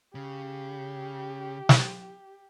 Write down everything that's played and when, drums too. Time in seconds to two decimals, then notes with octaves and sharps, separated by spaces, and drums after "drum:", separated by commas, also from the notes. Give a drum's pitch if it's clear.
0.15 C#3 G4
1.69 drum: snare